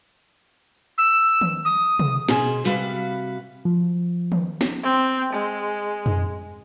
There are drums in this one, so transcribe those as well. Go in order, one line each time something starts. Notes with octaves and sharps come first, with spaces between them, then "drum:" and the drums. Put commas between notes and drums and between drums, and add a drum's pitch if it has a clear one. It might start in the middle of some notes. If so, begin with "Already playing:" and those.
E6
drum: tom D#3
D#6
drum: tom C3
B2 G#4 C5, drum: snare
C3 G3 F#4 B4 F5
F3
drum: tom D#3
drum: snare
C4
G#3
drum: tom F2